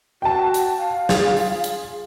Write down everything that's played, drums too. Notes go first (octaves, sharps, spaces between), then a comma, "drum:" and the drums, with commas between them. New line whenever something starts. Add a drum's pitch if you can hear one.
F#4 G5 A5
drum: hi-hat
F5
F4 G#4 A6, drum: snare
drum: open hi-hat
drum: hi-hat